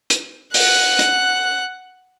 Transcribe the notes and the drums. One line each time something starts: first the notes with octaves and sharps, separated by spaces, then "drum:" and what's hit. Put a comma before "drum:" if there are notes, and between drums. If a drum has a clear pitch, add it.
drum: hi-hat
F#5 F#6, drum: open hi-hat
drum: hi-hat